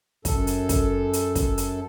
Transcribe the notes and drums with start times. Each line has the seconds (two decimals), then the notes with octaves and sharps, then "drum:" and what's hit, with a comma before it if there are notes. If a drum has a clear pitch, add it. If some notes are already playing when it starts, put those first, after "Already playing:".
0.25 F#2 A4, drum: kick, hi-hat
0.47 drum: hi-hat
0.69 drum: kick, hi-hat
1.13 drum: hi-hat
1.35 drum: kick, hi-hat
1.58 drum: hi-hat